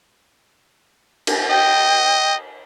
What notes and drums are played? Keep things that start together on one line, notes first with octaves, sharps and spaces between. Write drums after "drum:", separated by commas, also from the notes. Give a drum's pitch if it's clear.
drum: cymbal
D#5 G5